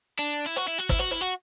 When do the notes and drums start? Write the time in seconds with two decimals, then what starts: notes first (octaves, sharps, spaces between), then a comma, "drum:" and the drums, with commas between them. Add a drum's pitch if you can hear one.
0.19 D4
0.46 E4
0.56 F#4, drum: hi-hat
0.67 E4
0.78 F#4
0.89 E4, drum: kick, hi-hat
0.99 F#4, drum: hi-hat
1.11 E4, drum: hi-hat
1.21 F#4